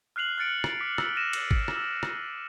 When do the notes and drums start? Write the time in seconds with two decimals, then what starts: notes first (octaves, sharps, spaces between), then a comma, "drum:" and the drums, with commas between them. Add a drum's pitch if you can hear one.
0.16 F6 F#6 C7 F7 F#7
0.38 F6 F#6 A6 C#7 D7
0.64 drum: rim click
0.80 D6 B6
0.98 E6 F6, drum: rim click
1.16 E6 F6 A#6 D#7 E7
1.33 drum: cymbal
1.51 drum: kick
1.68 drum: rim click
1.77 E6
2.03 drum: rim click